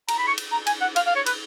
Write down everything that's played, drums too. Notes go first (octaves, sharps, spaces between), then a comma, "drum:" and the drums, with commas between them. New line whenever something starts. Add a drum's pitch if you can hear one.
A#5, drum: cymbal
B5
C#6
drum: cymbal
A#5
G#5, drum: cymbal
F#5
F5, drum: cymbal
F5
C#5
B4, drum: cymbal